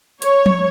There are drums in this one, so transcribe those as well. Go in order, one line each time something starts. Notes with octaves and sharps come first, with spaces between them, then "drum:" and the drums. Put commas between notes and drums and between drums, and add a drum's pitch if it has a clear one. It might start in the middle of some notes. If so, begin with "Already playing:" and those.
C#5, drum: hi-hat
drum: tom F3